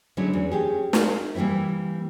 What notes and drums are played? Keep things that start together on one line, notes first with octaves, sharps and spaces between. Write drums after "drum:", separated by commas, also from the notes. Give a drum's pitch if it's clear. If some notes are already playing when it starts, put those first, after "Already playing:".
D3 F#3 G#3 C#4 E4
E2
C#4 G4 G#4
F4, drum: snare
E3 G3 A#3 C4 E4